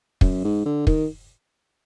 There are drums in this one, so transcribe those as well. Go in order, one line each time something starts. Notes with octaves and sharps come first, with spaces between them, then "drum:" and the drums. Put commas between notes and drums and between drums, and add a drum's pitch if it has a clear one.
F#2, drum: kick
G#2
D3
D#3, drum: kick